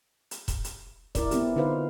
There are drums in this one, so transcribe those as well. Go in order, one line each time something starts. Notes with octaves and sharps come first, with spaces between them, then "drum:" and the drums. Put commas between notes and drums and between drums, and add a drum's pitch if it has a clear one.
drum: hi-hat
drum: kick E1, hi-hat
drum: hi-hat
E4 A#4 D5, drum: kick E1, hi-hat
B3 C4 E4 G4, drum: hi-hat
D3 D#4 F4 B4 C5 F5